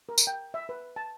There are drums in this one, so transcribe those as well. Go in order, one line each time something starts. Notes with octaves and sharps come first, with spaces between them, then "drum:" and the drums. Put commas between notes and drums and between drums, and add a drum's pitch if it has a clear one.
A#4
drum: tambourine
G5
E5
B4
A5